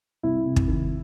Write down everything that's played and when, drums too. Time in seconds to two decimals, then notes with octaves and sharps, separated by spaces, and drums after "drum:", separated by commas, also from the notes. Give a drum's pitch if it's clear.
0.23 C2 E4
0.45 C3
0.56 drum: kick
0.67 D#3